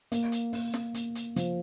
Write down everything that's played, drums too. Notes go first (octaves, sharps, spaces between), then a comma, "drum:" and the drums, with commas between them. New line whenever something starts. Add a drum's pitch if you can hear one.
A#3, drum: hi-hat
drum: hi-hat
A#3, drum: open hi-hat
drum: snare
A#3, drum: hi-hat
drum: hi-hat
F3, drum: hi-hat